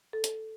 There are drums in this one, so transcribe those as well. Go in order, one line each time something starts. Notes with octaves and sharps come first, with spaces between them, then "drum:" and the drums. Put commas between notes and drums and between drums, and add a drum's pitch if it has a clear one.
A4
drum: hi-hat